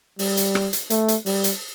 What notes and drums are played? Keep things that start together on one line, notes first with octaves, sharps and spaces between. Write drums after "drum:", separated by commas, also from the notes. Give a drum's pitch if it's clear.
G3, drum: open hi-hat
drum: hi-hat
drum: rim click
drum: hi-hat
A3, drum: hi-hat
drum: hi-hat
G3, drum: open hi-hat
drum: hi-hat